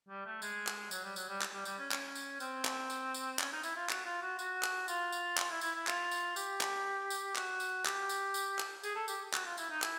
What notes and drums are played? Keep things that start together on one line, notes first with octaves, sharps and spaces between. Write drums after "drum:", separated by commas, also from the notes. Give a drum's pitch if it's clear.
G3
A3
G#3, drum: tambourine
drum: clap
F#3, drum: tambourine
G3
F#3, drum: tambourine
G3
drum: clap
G3
G3, drum: tambourine
C#4
C#4, drum: clap
drum: tambourine
C4, drum: tambourine
drum: clap
drum: tambourine
drum: tambourine
C#4, drum: clap
D#4
E4, drum: tambourine
F4
F#4, drum: clap
F4
F#4
F#4, drum: tambourine
drum: clap
F4, drum: tambourine
drum: tambourine
F4, drum: clap
E4
E4, drum: tambourine
E4
F4, drum: clap
drum: tambourine
G4, drum: tambourine
drum: clap
drum: tambourine
F#4, drum: clap
drum: tambourine
G4, drum: clap
drum: tambourine
drum: tambourine
drum: clap
G#4, drum: tambourine
A4
G4, drum: tambourine
F#4, drum: clap
F4
E4, drum: tambourine
D#4
E4, drum: clap